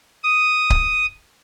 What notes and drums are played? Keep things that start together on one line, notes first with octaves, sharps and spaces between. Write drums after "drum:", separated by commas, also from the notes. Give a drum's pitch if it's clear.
D#6
drum: kick C#1